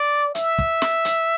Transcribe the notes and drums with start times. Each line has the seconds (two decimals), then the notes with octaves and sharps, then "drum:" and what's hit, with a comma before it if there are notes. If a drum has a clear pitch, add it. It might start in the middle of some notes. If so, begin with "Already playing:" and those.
Already playing: D5
0.35 E5, drum: hi-hat
0.59 drum: kick
0.82 drum: snare
1.05 drum: hi-hat